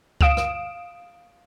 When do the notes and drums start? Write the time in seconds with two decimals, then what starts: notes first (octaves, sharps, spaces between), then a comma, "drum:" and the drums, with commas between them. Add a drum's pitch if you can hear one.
0.21 F5 D#6 D7 E7, drum: kick C#2
0.37 drum: rim click